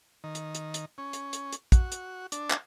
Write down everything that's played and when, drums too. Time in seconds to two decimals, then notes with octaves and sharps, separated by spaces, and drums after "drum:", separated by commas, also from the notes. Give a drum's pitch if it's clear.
0.24 D#3
0.35 drum: hi-hat
0.55 drum: hi-hat
0.74 drum: hi-hat
0.98 C#4
1.13 drum: hi-hat
1.33 drum: hi-hat
1.52 drum: hi-hat
1.72 F#4, drum: kick, hi-hat
1.92 drum: hi-hat
2.32 D4, drum: hi-hat
2.50 drum: clap